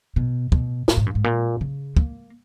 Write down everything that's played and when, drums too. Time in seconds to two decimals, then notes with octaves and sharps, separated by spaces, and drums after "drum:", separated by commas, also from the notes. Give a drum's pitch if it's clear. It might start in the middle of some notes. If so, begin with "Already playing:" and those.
0.16 B2
0.52 B2, drum: kick
0.88 A#2, drum: snare
0.97 G#2
1.06 F#2
1.15 G#2
1.24 A#2
1.61 C#3
1.97 A#3, drum: kick